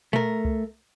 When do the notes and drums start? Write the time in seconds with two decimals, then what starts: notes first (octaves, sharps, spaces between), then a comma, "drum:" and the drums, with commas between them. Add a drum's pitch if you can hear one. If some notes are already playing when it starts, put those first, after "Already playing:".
0.13 A3 A#4, drum: tom A#2
0.45 drum: kick C2